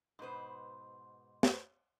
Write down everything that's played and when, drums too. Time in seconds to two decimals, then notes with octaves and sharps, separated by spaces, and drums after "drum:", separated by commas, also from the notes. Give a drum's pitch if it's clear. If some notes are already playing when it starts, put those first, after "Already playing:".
0.19 G#2 B2 B4 C5
1.43 drum: snare